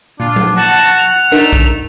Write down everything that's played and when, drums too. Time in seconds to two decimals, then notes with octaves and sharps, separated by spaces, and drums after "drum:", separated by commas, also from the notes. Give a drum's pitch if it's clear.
0.20 A#2 D4 F4
0.36 drum: tom F3
0.56 F#4 F#5 A5
0.98 F7
1.32 A3 D4 D#4 A#4
1.53 drum: kick A#1